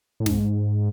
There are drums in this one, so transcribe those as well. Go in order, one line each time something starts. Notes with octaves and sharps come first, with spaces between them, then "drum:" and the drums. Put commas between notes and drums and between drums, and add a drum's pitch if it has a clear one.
A2
G#2, drum: snare